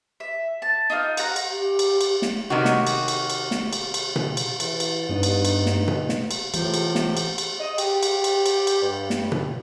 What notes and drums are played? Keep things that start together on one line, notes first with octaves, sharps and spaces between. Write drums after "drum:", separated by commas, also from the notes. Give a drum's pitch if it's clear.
E5
A5
D#4 F4 D#6 F6
F5 F#5 A#5, drum: cymbal
drum: cymbal
G4
drum: cymbal
drum: cymbal
drum: snare
C3 D#3 F#3 F#4
drum: snare
drum: cymbal
drum: cymbal
drum: cymbal
drum: snare
drum: cymbal
drum: cymbal
drum: tom B2
drum: cymbal
E3, drum: cymbal
drum: cymbal
G2 B3 D#4
drum: cymbal
drum: cymbal
drum: snare
drum: tom B2
drum: snare
drum: cymbal
A2 C3 E3 A3 F4 G6, drum: cymbal
drum: cymbal
drum: snare
drum: cymbal
drum: cymbal
D#5
G4, drum: cymbal
drum: cymbal
drum: cymbal
drum: cymbal
drum: cymbal
G2
drum: snare
drum: tom B2